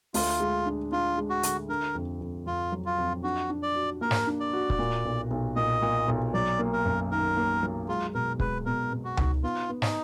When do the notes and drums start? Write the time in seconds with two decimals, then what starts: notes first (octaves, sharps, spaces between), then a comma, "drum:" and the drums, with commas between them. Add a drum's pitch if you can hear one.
0.14 D2 F4, drum: open hi-hat
0.40 G#3
0.66 D4
0.92 D4 F4
1.18 G#3
1.30 F#4
1.43 D3, drum: hi-hat
1.69 D3 A#4
1.95 F2
2.21 F2
2.46 F2 F4
2.72 F#3
2.86 F4
2.98 F2
3.23 D4 F#4
3.50 D4
3.63 D5
3.75 F#4
4.01 A#3 A#4
4.11 drum: snare
4.27 D4
4.40 D5
4.53 F#4
4.70 drum: kick
4.79 A#2
5.05 B1
5.31 B1
5.56 A#2 D#5
5.82 A#2
6.08 B1
6.34 F#3 D5
6.59 A#3
6.73 A#4
6.85 F#2
7.11 D#3 A#4
7.37 A#3
7.63 F#3
7.88 G#3 F4
8.14 B2 A#4
8.40 G#3 B4, drum: kick
8.66 B2 A#4
8.92 B2
9.04 F#4
9.17 D#4, drum: tom C#2
9.43 B3 F4
9.69 B3
9.82 D#4, drum: snare